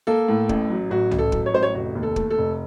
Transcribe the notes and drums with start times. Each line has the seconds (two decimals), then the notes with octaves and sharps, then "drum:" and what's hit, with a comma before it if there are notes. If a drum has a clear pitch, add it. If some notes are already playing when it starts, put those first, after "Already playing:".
0.07 A#3 A4
0.28 A2
0.49 A1, drum: kick
0.70 F#3
0.90 A1 F#4
1.11 A1, drum: tom C2
1.19 A4
1.32 F#3, drum: kick
1.46 C#5
1.54 A1 C5
1.63 C#5
1.74 F1 F#4
1.95 D#2
2.03 A4
2.16 A3, drum: kick
2.30 A4
2.38 F1